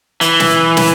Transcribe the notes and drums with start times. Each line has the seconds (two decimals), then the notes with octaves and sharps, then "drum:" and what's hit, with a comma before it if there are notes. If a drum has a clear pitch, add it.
0.21 E3, drum: hi-hat
0.40 drum: snare
0.77 drum: snare